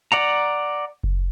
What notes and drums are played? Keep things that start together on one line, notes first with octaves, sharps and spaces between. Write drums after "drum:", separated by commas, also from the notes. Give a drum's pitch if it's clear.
D5 F#5 A#5
drum: kick F#1